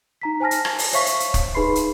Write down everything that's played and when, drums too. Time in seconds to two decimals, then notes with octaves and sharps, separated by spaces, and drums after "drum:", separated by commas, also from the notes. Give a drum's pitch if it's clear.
0.21 D#4 A#5 B6
0.40 C5 G#5 A5 F6 A#6
0.51 drum: hi-hat
0.65 drum: rim click
0.79 drum: open hi-hat
0.92 C5 C#5 E5 F5 C#6 B6, drum: hi-hat
1.06 drum: hi-hat
1.20 drum: hi-hat
1.34 drum: kick, hi-hat
1.55 D#4 G#4 B4 B5 C6 C7
1.75 drum: hi-hat